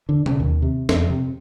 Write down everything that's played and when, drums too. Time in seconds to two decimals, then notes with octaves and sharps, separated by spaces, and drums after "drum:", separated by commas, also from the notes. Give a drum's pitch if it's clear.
0.09 D3
0.26 C#3, drum: tom B2
0.40 D#2
0.62 C3
0.89 F2, drum: snare
1.10 C3